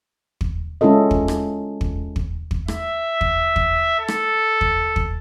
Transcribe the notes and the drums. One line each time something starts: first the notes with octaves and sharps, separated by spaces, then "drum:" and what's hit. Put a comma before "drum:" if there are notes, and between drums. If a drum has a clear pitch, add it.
drum: kick
G#3 C#4 E4 F4 A4 D#5
drum: kick
drum: rim click
drum: kick
drum: kick
drum: kick
E5, drum: rim click
drum: kick
drum: kick
A4
drum: rim click
drum: kick
drum: kick